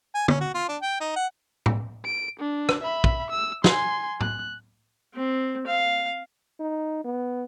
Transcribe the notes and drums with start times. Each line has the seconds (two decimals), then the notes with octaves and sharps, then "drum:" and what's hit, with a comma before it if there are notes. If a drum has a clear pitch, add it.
0.15 G#5
0.28 C#4, drum: tom
0.41 F#4
0.54 F4
0.69 D4
0.82 G5
1.01 D#4
1.16 F#5
1.66 drum: tom A2
2.05 D7
2.40 D4
2.69 drum: rim click
2.83 E5 B5
3.04 drum: kick
3.30 E6
3.64 G#5 C6, drum: snare
4.21 F#6, drum: tom
5.14 C4
5.67 F5
6.60 D#4
7.04 B3